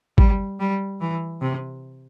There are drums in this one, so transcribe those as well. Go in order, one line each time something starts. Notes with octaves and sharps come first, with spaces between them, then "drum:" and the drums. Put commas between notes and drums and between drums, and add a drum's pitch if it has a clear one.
G3, drum: kick
G3
E3
C3